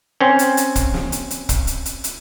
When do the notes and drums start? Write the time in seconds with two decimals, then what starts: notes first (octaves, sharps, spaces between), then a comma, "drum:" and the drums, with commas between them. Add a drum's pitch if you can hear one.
0.21 C4 C#4
0.39 drum: hi-hat
0.57 drum: hi-hat
0.76 drum: kick, hi-hat
0.94 drum: snare
1.12 drum: hi-hat
1.31 drum: hi-hat
1.49 drum: kick, hi-hat
1.67 drum: hi-hat
1.86 drum: hi-hat
2.04 drum: hi-hat